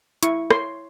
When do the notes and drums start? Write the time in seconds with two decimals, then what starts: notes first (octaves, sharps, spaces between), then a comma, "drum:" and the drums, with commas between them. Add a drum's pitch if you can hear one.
0.23 E4 C#6, drum: hi-hat
0.51 C#5 C6, drum: rim click